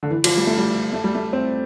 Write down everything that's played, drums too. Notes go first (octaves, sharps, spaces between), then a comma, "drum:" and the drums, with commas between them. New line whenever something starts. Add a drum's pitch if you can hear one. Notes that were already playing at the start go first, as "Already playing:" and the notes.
D3
E3
F3, drum: cymbal
G3
A3
G3
A3
G3
A3
C4